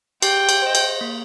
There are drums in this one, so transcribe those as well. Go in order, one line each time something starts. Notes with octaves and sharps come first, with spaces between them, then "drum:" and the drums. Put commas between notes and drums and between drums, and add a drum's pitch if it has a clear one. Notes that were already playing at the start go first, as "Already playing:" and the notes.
G4 G5, drum: cymbal
drum: cymbal
C5 D#5
drum: cymbal
A#3